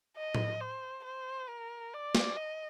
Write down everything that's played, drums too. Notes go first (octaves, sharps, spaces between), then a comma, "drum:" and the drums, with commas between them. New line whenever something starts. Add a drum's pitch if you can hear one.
D#5
drum: tom A2
C5
C5
A#4
D5
drum: snare
D#5